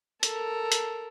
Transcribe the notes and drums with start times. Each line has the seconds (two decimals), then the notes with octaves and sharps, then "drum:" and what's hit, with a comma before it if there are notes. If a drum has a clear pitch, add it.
0.23 A4 A#4, drum: hi-hat
0.72 drum: hi-hat